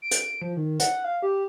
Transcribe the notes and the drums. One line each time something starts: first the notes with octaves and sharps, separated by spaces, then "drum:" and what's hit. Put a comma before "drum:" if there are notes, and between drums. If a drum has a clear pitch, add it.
D7
drum: hi-hat
F3
D#3
F#5, drum: hi-hat
F5
G4